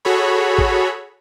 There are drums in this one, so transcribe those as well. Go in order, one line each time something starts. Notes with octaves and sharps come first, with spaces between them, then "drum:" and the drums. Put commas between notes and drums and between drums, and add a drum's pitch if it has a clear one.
F#4 G#4 A4 C#5 B5
drum: kick G#1